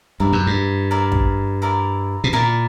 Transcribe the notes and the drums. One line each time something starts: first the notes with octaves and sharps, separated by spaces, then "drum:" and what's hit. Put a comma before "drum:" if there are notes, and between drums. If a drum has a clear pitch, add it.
G2 E4 A#4 D5
F#2
G2
E4 A#4 D5
drum: kick
E4 A#4 D5
B2
A#2 E4 A#4 D5